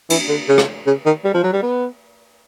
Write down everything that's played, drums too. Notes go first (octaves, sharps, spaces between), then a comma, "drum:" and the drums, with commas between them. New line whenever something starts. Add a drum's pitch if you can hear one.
E3, drum: cymbal
D3
C#3
drum: rim click
C#3
D#3
G3
F3
F#3
G3
B3